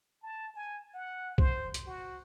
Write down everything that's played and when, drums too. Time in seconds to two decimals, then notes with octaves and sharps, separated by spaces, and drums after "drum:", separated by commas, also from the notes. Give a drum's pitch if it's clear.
0.22 A5
0.55 G#5
0.94 F#5
1.38 C5, drum: kick
1.74 drum: hi-hat
1.86 F#4